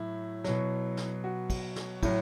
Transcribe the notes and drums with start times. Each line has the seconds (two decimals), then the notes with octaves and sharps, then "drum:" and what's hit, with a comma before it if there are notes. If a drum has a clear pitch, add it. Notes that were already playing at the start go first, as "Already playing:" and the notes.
Already playing: A2 F#3 E4
0.44 B2 F#3, drum: snare
0.97 drum: snare
1.24 F#4
1.50 drum: kick, cymbal
1.76 drum: snare
2.03 A2 F#3, drum: kick, cymbal